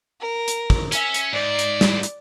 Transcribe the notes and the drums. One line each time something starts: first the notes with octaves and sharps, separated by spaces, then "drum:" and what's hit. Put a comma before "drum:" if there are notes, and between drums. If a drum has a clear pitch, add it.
A#4
drum: hi-hat
drum: kick
C#4 E5 G#5, drum: hi-hat
drum: hi-hat
G#2 D5
drum: hi-hat
drum: snare
drum: hi-hat